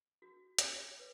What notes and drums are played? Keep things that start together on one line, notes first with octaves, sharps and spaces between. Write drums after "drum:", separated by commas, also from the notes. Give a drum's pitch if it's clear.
F#4
drum: hi-hat
C#5
B4